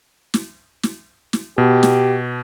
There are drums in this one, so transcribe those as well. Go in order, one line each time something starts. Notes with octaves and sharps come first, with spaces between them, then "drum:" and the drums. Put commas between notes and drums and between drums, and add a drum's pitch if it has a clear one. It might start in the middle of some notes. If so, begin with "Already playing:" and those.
drum: snare
drum: snare
drum: snare
B2 G4
drum: snare